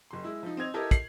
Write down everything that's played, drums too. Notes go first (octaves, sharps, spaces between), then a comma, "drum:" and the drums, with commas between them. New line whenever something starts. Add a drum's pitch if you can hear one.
F#1 C6
G#3 E4
F3 D#4
C4 D#5 G#6 F7
E4 G4 A4 A#4 D#5 E5
C7 F#7, drum: kick, hi-hat